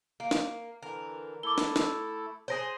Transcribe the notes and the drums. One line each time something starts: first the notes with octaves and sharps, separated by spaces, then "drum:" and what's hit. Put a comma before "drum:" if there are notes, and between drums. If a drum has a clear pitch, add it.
A#3
drum: snare
D3 E3 A#4
A3 E4 A4 D6 G7
drum: snare
drum: snare
G#4 A#4 C5 C#5 A#6